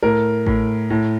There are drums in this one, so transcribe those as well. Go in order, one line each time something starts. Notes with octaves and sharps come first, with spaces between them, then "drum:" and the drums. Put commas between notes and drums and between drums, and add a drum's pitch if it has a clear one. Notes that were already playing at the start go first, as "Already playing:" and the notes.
A2 A#4
A2, drum: kick A1
A2